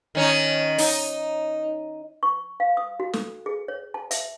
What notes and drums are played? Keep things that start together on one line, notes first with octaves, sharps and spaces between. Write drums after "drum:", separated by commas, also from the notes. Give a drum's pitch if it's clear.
D#3 C#4 D#4
D#4, drum: open hi-hat
C#6
F5
D#6
F#4
A4, drum: snare
G#4
C#5
A5
E5, drum: hi-hat